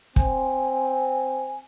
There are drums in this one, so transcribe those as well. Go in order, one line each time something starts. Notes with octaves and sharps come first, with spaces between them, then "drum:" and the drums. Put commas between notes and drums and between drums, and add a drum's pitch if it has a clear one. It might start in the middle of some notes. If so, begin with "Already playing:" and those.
C4 G#5, drum: kick